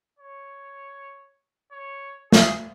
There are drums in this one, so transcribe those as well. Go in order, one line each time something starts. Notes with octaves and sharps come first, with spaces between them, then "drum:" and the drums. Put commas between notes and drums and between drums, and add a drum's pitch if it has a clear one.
C#5
C#5
G#4, drum: snare